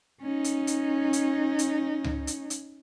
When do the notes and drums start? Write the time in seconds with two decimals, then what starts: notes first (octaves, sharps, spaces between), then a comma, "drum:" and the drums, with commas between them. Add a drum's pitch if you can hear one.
0.22 C#4 D#4
0.44 drum: hi-hat
0.67 drum: hi-hat
1.13 drum: hi-hat
1.59 drum: hi-hat
2.04 drum: tom C#2
2.27 drum: hi-hat
2.50 drum: hi-hat